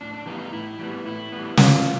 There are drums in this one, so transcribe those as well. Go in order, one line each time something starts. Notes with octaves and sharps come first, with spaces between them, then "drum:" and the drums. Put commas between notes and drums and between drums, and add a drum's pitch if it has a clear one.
A2 D4
D4
E3 G3 B3 D#4
D#4
A2 E4
E3 G3 B3
A2 E4
E3 G3 B3
A2 F4, drum: snare
E3